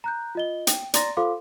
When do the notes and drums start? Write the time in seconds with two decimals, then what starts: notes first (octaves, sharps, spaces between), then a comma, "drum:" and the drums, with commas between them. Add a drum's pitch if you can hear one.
0.04 A#5 F#6 G6
0.35 F4 D#5 G7
0.67 G5, drum: hi-hat
0.94 D5 A#5 C6 A6 A#6, drum: hi-hat
1.17 F4 A4 C5 F5 C6 D6